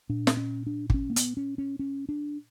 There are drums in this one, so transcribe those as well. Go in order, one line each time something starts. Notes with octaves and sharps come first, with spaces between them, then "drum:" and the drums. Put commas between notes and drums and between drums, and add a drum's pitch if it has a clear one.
A#2 D4
drum: snare
C#4
D4
D4, drum: kick
C#4
A#3
B3, drum: hi-hat
C#4
C#4
C#4
D4